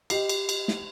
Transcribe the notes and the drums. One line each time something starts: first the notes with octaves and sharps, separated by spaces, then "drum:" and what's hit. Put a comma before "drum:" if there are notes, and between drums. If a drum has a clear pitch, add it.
G4 D#5 C7, drum: cymbal
drum: cymbal
drum: cymbal
drum: snare